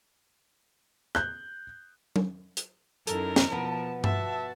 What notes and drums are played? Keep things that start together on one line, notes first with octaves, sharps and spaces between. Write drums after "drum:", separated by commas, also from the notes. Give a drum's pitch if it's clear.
F#6 G6, drum: rim click
drum: tom F#3
drum: hi-hat
F#2 D#4 E4 A4 A#4, drum: hi-hat
drum: snare
B2 F3 B3 A5
F#4 E5 A5, drum: tom G2